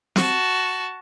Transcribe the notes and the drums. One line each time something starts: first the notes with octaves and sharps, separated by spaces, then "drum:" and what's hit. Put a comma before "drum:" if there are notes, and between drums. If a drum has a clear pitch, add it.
F#4 A5, drum: snare